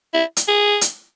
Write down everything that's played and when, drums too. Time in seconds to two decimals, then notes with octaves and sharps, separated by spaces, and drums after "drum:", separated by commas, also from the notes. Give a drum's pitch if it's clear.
0.14 E4
0.37 drum: hi-hat
0.48 G#4
0.81 drum: hi-hat